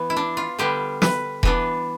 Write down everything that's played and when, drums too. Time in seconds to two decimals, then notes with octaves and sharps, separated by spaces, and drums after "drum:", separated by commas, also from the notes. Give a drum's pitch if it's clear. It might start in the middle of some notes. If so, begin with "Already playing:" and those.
Already playing: E3 B3
0.10 E4
0.17 D4
0.37 F4
0.58 D3 G3 B3 G4
1.02 B4, drum: snare
1.43 E3 B3 D4, drum: kick E1